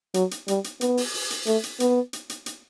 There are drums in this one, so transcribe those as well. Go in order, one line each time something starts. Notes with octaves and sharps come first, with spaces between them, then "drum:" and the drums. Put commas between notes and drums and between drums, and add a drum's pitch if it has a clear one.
F#3, drum: hi-hat
drum: hi-hat
G3, drum: hi-hat
drum: hi-hat
B3, drum: hi-hat
drum: open hi-hat
drum: open hi-hat
drum: hi-hat
A3, drum: hi-hat
drum: hi-hat
B3, drum: hi-hat
drum: hi-hat
drum: hi-hat
drum: hi-hat